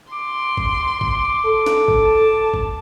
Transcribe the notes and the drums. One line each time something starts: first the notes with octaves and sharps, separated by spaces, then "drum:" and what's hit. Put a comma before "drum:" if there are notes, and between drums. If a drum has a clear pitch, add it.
C6 D6
drum: kick
drum: kick
A4
drum: snare
drum: kick
A5
drum: kick